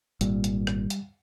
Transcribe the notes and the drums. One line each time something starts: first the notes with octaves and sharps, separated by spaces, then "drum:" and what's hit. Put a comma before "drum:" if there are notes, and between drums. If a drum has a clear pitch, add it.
G#1 A#2 G3, drum: hi-hat
drum: hi-hat
drum: rim click
drum: hi-hat